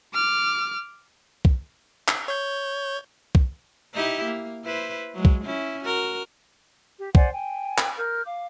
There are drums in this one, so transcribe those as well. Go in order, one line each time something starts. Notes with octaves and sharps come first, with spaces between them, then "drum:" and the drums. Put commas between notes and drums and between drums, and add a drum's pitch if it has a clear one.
D6 F6
drum: kick C2
drum: clap
C#5 G6
drum: kick C2
D#4 E4 G4
A#3
E4 B4 C5
F#3 G#3
drum: kick C2
C#4 E4
F#4 A#4
G4
C5 D5 F#5 G#5, drum: kick C2
G5 G#5
drum: clap
A#4 F6 G6
F5 D6